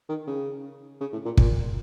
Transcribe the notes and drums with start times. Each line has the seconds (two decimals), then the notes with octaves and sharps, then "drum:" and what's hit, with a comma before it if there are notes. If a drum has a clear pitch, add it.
0.09 D#3
0.28 C#3
1.01 C#3
1.13 A2
1.25 A#2
1.38 A#2, drum: kick